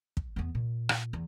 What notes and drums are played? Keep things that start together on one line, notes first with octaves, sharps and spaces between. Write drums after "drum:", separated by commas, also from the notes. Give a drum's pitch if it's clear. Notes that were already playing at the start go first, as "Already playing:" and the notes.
drum: kick
E2 B3
A#2
drum: rim click
E2